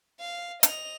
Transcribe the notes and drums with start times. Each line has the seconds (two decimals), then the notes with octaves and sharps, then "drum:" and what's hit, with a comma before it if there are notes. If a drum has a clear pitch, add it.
0.20 F5
0.63 D#5 F7, drum: hi-hat